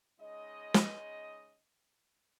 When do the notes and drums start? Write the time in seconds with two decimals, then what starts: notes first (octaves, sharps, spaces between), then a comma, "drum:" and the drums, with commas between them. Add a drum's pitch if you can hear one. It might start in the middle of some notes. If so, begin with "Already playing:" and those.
0.20 C#3 G#3 D#4 D#5
0.74 drum: snare